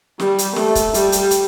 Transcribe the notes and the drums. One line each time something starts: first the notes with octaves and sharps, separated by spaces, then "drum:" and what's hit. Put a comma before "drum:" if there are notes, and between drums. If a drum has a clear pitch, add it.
G3, drum: snare
drum: hi-hat
A3, drum: snare
drum: kick, hi-hat
G3, drum: hi-hat
drum: hi-hat
drum: hi-hat